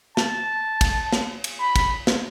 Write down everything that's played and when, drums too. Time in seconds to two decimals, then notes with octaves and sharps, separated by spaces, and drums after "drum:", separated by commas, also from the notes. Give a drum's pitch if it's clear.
0.17 A5, drum: snare
0.81 drum: kick, cymbal
1.12 drum: snare
1.44 drum: cymbal
1.60 B5
1.76 drum: kick, cymbal
2.07 drum: snare